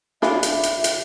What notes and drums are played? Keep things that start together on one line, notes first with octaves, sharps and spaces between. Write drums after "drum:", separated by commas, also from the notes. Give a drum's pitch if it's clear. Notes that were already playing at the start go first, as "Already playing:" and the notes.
D4 E4 F4 E5, drum: snare
drum: hi-hat
drum: hi-hat
drum: hi-hat